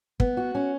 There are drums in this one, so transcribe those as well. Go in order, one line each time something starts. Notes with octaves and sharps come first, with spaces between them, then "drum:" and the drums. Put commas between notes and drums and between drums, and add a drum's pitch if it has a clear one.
B3, drum: kick
F#4
C#4